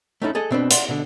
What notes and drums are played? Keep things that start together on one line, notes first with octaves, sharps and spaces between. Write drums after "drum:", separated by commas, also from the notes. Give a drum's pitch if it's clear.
A3 B3 C#4 D#4 E4 A4
G#4 A4 D#5
B2 C4 D4 B4
D5 F#5 C6, drum: hi-hat
B2 D3